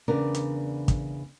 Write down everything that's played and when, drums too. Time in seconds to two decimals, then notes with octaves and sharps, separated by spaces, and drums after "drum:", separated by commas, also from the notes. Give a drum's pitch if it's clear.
0.08 E2 C#3 B3 D4 A#4 D5
0.35 drum: hi-hat
0.88 drum: kick, hi-hat